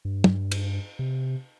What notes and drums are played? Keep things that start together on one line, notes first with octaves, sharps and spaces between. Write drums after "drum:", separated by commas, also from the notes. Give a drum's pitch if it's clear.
G2
drum: tom
drum: cymbal
C3